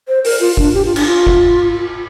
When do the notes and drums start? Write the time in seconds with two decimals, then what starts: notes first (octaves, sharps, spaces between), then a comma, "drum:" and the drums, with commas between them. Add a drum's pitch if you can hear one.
0.08 C5
0.25 A#4, drum: open hi-hat
0.40 F4
0.57 D4, drum: kick F#1
0.74 G4
0.85 F4
0.96 D4, drum: cymbal
1.07 F4
1.27 drum: kick F#1